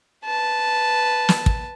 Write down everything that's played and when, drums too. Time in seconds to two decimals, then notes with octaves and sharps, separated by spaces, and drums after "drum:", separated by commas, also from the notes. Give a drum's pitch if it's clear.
0.25 B4 A5
1.29 drum: snare
1.46 drum: kick